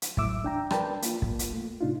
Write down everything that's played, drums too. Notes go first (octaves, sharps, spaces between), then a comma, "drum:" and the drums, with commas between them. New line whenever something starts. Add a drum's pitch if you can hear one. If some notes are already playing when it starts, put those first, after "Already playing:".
drum: hi-hat
C2 A2 F#3 E5 D6 E6, drum: kick
E2 D4 G5 A#5
A#4 B4 D5 G5 A5 B5, drum: rim click
A#3 F4, drum: hi-hat
drum: kick
drum: hi-hat
A3
A2 C3 D4 D#4 F4